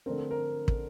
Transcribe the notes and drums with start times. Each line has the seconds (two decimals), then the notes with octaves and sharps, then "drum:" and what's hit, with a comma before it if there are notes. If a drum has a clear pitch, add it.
0.06 D3 A3 C4 A#4
0.18 A4
0.31 A#4
0.68 drum: kick